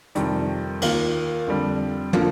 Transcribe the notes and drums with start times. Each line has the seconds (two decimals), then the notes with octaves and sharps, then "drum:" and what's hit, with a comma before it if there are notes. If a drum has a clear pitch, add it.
0.15 F2 C3 D#3 G3, drum: hi-hat
0.82 D#2 D#3 A#3 F4, drum: cymbal
1.47 F2 D3 G3
2.13 D3 F3 A#3 F4, drum: tom